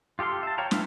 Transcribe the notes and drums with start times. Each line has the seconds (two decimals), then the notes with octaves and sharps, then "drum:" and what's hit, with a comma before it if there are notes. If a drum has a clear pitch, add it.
0.19 F4 G4 A4 F5 C6
0.43 E5 A5
0.58 C#5 F5 G5 A#5
0.71 B4 E5 F5, drum: snare